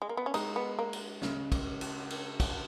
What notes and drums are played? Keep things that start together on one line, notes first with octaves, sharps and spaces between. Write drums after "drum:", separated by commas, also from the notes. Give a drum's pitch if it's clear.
G#3
A#3
B3
C#4
G#3 D#4, drum: cymbal
B3
A#3
drum: cymbal
C#3, drum: snare
drum: kick, cymbal
drum: cymbal
drum: cymbal
drum: kick, cymbal